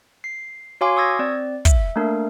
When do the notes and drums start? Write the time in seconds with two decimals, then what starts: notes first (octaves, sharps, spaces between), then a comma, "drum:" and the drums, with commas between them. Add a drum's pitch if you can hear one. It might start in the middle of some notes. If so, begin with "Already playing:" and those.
0.24 C7
0.81 F#4 C#5 F5 G#5 C6 D6
0.96 C#6 D#6 E6 G#6 A#6
1.19 C4 D5
1.65 E5, drum: kick, hi-hat
1.96 A3 A#3 D4 A#4